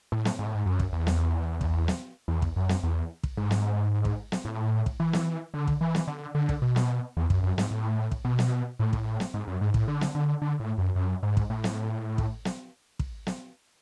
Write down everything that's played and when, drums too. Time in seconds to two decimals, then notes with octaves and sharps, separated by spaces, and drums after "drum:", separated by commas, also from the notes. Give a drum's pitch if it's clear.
0.12 A2
0.25 drum: snare
0.39 G#2
0.46 A2
0.55 G#2
0.66 F#2
0.80 drum: kick
0.93 E2
1.07 drum: snare
1.61 drum: kick
1.88 drum: snare
2.28 E2
2.42 drum: kick
2.56 F#2
2.69 drum: snare
2.83 E2
3.23 drum: kick
3.37 G#2
3.51 drum: snare
4.05 drum: kick
4.32 drum: snare
4.45 A2
4.86 drum: kick
5.00 E3
5.13 drum: snare
5.54 D3
5.67 drum: kick
5.81 E3
5.95 drum: snare
6.08 D3
6.35 D3
6.49 drum: kick
6.62 B2
6.76 drum: snare
7.17 E2
7.30 F#2, drum: kick
7.43 F#2
7.58 G#2, drum: snare
7.71 A2
8.11 drum: kick
8.25 B2
8.39 drum: snare
8.79 A2
8.93 drum: kick
9.20 drum: snare
9.34 G#2
9.48 F#2
9.61 G#2
9.74 A2, drum: kick
9.88 D3
10.01 drum: snare
10.15 D3
10.42 D3
10.60 A2
10.78 F#2
10.96 F#2
11.23 G#2
11.37 drum: kick
11.50 A2
11.64 drum: snare
12.18 drum: kick
12.45 drum: snare
12.99 drum: kick
13.27 drum: snare